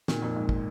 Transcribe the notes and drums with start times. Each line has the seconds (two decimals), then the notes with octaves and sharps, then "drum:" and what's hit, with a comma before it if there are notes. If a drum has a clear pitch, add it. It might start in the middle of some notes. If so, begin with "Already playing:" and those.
0.08 A#2 D#3, drum: snare
0.22 F2 A#2
0.36 G#2
0.49 drum: kick